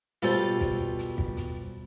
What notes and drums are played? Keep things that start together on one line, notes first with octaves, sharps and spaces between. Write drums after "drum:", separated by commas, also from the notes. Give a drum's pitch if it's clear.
B2 G3 F4 A4 C5, drum: hi-hat
drum: kick, hi-hat
drum: hi-hat
drum: kick
drum: hi-hat